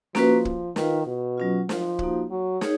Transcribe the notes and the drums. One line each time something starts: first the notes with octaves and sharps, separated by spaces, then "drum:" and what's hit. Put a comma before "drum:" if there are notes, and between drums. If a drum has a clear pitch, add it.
F3 A#3 C#4 F#4 B4, drum: snare
drum: kick
D#3 F4 B4 F5, drum: snare
B2
F#3 C#4 F4
F3, drum: snare
A#3 D#4 F#4, drum: kick
F#3
D#4 G#4 C#5, drum: snare